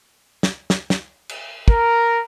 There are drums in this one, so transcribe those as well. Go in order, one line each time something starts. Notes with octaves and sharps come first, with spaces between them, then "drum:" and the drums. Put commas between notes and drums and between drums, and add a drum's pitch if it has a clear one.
drum: snare
drum: snare
drum: snare
drum: cymbal
A#4, drum: kick